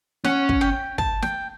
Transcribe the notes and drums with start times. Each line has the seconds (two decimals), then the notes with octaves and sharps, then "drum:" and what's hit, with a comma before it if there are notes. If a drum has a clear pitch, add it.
0.24 C#4 F#5, drum: snare
0.49 drum: kick
0.61 G5
0.98 A5, drum: kick
1.22 G5, drum: snare